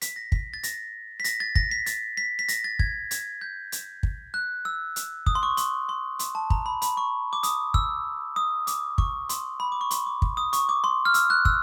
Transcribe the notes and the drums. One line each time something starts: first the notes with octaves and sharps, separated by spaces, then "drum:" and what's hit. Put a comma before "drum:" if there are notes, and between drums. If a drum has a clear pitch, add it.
B6, drum: hi-hat
A#6
B6, drum: kick
A6
A#6, drum: hi-hat
B6
A#6, drum: hi-hat
A6
A#6, drum: kick
B6
A6, drum: hi-hat
B6
B6
A#6, drum: hi-hat
A6
G#6, drum: kick
G#6, drum: hi-hat
G6
drum: hi-hat
drum: kick
F#6
E6
drum: hi-hat
D#6, drum: kick
C6
C#6
C6, drum: hi-hat
C6
C6, drum: hi-hat
A5
A#5, drum: kick
B5
B5, drum: hi-hat
C#6
D6
D#6, drum: hi-hat
E6, drum: kick
D#6
D6, drum: hi-hat
C#6, drum: kick
C6, drum: hi-hat
B5
D6
C#6
C6, drum: hi-hat
D6
drum: kick
D#6
C#6, drum: hi-hat
D6
C6
F6
E6, drum: hi-hat
F#6
E6, drum: kick